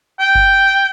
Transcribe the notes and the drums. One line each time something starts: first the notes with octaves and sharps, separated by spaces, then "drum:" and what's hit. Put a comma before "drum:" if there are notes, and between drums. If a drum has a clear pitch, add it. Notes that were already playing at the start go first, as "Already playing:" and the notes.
G5
drum: kick F#1